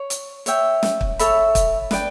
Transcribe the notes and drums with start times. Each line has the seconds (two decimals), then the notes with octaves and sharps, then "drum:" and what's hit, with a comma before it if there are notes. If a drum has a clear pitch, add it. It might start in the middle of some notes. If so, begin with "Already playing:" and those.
Already playing: C#5
0.10 drum: hi-hat
0.46 C#5 E5 G5, drum: hi-hat
0.83 drum: snare
1.01 drum: kick
1.19 A4 C#5 E5 B5, drum: hi-hat
1.55 drum: kick, hi-hat
1.91 B4 D5 G5, drum: snare